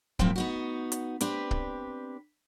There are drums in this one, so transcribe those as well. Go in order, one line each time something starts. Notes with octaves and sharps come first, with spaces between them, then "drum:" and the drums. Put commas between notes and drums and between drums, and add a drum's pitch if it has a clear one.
F#2 A2 F3 G3 C4 G5, drum: kick C#1
B3 D#4 F#4
drum: hi-hat
C4 D4 G4 B4, drum: hi-hat
drum: kick C#1